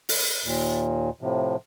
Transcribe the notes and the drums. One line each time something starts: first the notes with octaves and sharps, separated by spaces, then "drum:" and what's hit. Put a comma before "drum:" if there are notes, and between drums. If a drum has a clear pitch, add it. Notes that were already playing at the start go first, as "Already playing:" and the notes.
drum: open hi-hat
D#2 A#2
A2 C3 F3